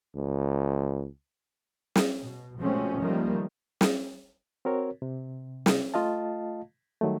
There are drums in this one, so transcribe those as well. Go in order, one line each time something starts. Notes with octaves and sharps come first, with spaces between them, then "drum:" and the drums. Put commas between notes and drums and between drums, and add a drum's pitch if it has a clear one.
C#2
drum: snare
B2
B2 F3 G#3 A3 C4 C#4
D#3 F3 G3 A3 A#3
drum: snare
C4 F#4 A#4 C#5
C3
drum: snare
A3 F4 D#5 F5 A5
D#3 F#3 G3 A3